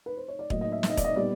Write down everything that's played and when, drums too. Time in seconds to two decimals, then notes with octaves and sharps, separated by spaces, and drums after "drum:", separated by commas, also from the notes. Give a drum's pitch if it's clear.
0.06 B4
0.17 C5
0.28 C#5
0.39 D5
0.50 A2 F#3 A#3 D#5, drum: kick E1
0.61 D#5
0.72 E5
0.83 E5, drum: snare
0.90 D#5
0.97 D5, drum: kick E1, hi-hat
1.04 D#5
1.16 A#2 G3 B3 D5